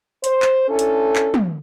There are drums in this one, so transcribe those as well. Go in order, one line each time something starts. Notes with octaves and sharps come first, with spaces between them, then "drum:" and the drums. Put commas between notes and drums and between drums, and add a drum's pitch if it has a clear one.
C5, drum: hi-hat
drum: clap
C#4 D4 E4 A4
drum: hi-hat
drum: clap
drum: tom